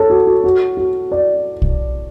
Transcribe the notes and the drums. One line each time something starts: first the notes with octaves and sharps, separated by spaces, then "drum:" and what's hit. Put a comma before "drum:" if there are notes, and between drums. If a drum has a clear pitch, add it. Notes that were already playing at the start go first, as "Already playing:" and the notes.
Already playing: A4 C#5
F#4
F#4
F#4
F#4
D5
drum: kick